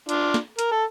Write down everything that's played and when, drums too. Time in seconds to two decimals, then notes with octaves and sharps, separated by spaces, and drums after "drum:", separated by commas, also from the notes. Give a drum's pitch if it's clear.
0.09 D4 F4, drum: hi-hat
0.34 drum: snare
0.59 A#4, drum: hi-hat
0.72 A4